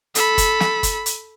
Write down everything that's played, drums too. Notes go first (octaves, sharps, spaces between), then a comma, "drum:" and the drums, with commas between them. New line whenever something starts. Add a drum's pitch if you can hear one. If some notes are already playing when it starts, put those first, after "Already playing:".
A4 B5, drum: hi-hat
drum: kick, hi-hat
drum: snare
drum: kick, hi-hat
drum: hi-hat